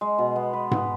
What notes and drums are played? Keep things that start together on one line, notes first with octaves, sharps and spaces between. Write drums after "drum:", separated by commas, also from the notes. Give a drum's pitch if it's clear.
G#3
B2
B3
B4
B3, drum: tom G#2